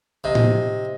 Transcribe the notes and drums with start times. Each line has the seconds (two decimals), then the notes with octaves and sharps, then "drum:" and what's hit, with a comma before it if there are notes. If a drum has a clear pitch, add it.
0.24 C3 D#5
0.35 drum: tom A2